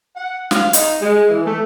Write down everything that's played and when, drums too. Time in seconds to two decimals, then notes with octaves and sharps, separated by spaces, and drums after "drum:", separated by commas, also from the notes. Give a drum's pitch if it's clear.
0.16 F#5
0.51 F5, drum: snare
0.73 D#4, drum: hi-hat
1.01 G#3
1.30 E3
1.46 A3